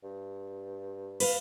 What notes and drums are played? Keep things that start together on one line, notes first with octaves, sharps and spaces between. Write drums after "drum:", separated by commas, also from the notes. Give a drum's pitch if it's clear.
G2
B4 F5, drum: cymbal